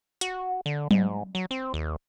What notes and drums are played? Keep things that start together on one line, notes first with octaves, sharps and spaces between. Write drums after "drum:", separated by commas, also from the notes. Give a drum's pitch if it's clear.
F#4, drum: hi-hat
D3
G#2, drum: tom F#3
F#3
C4
D#2